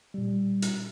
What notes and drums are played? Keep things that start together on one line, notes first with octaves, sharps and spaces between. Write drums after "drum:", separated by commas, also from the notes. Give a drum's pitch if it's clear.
A#2 G3
drum: hi-hat